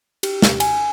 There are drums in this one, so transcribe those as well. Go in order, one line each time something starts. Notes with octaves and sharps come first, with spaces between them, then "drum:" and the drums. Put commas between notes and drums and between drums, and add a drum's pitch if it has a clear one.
G4, drum: cymbal
drum: snare
G#5, drum: cymbal